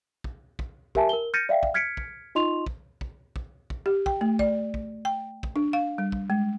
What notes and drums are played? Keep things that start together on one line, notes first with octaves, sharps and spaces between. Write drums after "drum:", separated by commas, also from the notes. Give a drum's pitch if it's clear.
drum: kick
drum: kick
G4 A#4 E5 G#5 A5, drum: kick
A#4 G7
F6 G6 A6 A#6 C#7 D#7
D5 E5 F5 G5
drum: kick
F6 G#6 B6 C#7 D7
drum: kick
D#4 F4 D#5 C6 C#6 F7
drum: kick
drum: kick
drum: kick
drum: kick
G4
G5, drum: kick
A3
D5, drum: kick
drum: kick
G5
drum: kick
D4
F5
G3
drum: kick
G#3